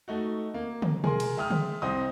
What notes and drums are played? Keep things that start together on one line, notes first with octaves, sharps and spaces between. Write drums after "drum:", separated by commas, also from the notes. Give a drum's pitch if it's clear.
A3 D#4 F#4
A#3
drum: tom
G#4 A#4 C6, drum: tom
drum: cymbal
G#3 E5 G5 D#6 F6
drum: tom
C2 C4 C5 D#5 D#6